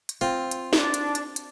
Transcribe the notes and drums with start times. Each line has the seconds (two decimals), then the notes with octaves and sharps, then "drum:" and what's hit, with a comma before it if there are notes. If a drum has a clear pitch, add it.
0.09 drum: hi-hat
0.21 C4 F4
0.51 drum: hi-hat
0.73 D4, drum: snare
0.94 drum: hi-hat
1.15 drum: hi-hat
1.36 drum: hi-hat